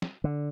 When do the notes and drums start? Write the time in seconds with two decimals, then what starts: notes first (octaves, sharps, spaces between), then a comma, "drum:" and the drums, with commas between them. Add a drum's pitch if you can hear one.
0.02 drum: snare
0.24 D3